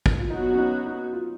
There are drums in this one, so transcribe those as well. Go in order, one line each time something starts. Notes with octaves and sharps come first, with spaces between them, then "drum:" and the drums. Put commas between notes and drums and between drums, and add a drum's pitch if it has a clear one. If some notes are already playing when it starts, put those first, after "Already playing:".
drum: kick
F4
F#3 B3 D#4 F#4
C#4
D#4
D#4
F4